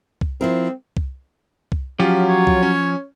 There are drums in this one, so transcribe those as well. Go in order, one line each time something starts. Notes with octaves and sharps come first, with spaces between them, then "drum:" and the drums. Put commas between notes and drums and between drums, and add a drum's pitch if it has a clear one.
drum: kick C2
F3 C4 E4 A#4
drum: kick C2
drum: kick C2
F3 F#3 C#4 F4 G4
C#5
drum: kick C2
C#4